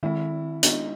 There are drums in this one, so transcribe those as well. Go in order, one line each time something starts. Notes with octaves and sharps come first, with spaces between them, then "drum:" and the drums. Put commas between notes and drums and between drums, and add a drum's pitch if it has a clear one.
D#3 G#3 C4 E4
G#3 B3 D4 D#4 F#4, drum: hi-hat